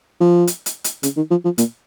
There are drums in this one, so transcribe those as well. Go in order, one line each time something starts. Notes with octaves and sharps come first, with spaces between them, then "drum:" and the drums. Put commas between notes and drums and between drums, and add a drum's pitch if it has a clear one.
F3
drum: hi-hat
drum: hi-hat
drum: hi-hat
C#3, drum: hi-hat
D#3
F3
F3
A#2, drum: hi-hat